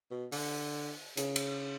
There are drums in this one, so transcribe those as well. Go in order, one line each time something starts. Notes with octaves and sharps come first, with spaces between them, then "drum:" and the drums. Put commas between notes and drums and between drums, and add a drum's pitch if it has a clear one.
B2
D3, drum: open hi-hat
C#3, drum: hi-hat
drum: cymbal